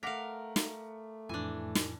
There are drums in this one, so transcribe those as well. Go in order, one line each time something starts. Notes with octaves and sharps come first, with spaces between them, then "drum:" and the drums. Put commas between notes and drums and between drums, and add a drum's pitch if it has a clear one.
A3 A#4 F5 F#5 D6 B6
drum: snare
F2 A2 E3 D4 G#5
drum: snare